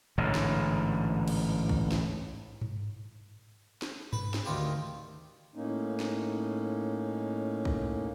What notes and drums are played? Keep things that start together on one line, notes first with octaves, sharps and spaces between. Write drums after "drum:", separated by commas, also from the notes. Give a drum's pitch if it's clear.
A1 G#2 D3
drum: snare
drum: cymbal
drum: kick
drum: snare
drum: tom G2
drum: snare
B4, drum: tom G2
drum: snare
D2 D#3 F4 G4
A2 A#3 C#4 D#4
drum: snare
drum: kick